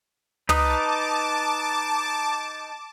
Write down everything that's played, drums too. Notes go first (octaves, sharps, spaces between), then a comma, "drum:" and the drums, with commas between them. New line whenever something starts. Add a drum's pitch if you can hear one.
D#4 B4 A5 D6 D#6, drum: tom